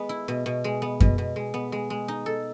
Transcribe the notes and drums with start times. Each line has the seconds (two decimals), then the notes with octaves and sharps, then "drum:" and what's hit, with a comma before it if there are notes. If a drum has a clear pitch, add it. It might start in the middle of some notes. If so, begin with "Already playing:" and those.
Already playing: G#3 B3
0.09 E4
0.28 B2
0.46 B2
0.64 G#3
0.82 B3
1.00 B2, drum: kick F#2
1.18 B2
1.36 G#3
1.54 B3
1.72 G#3
1.90 G#3
2.08 D#4
2.26 A4